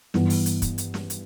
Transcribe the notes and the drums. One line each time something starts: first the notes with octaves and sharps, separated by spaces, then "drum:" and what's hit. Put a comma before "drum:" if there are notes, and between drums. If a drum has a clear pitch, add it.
G2 E3 B3, drum: snare
drum: open hi-hat
drum: hi-hat
drum: kick, hi-hat
drum: hi-hat
drum: snare
drum: hi-hat